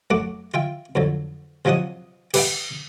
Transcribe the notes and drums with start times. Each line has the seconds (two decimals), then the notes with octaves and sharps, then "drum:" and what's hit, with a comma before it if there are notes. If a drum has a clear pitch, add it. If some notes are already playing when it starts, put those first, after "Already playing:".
0.10 F#2 A3 F#5 D6
0.54 F4 E5 G5
0.95 F2 D3 F#3
1.65 C3 F3 F#3 D#4 F#5 D#6
2.34 G4 B4 E5 F#5 G5, drum: cymbal